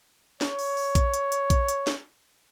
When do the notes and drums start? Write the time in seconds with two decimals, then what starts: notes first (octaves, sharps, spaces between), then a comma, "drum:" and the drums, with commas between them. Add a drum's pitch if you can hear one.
0.41 C#5, drum: snare
0.59 drum: open hi-hat
0.77 drum: open hi-hat
0.95 drum: kick A#1, hi-hat
1.14 drum: hi-hat
1.32 drum: hi-hat
1.50 drum: kick A#1, hi-hat
1.68 drum: hi-hat
1.87 drum: snare